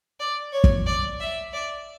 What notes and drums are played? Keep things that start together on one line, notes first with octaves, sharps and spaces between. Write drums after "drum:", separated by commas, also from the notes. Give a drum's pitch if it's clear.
D5
C#5
drum: kick
D5
E5
D5